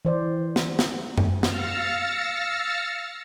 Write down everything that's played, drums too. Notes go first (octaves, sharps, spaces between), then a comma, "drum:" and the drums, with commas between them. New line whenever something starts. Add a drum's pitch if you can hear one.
E3 C5 D5
drum: snare
drum: snare
drum: tom F#2
F5 E6 F6 A6 A#6 C#7, drum: snare